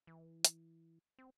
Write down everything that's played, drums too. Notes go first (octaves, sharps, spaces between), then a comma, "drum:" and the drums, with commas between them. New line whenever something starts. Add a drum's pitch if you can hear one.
E3
drum: hi-hat
C4